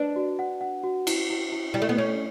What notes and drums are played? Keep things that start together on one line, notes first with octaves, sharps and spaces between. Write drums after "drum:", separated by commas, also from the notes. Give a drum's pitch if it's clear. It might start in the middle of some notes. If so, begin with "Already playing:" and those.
Already playing: D4 B4
F#4
F#5
F#5
F#4
E4, drum: cymbal
E4
E4
G3 E4
A3
B3
C#4 C#5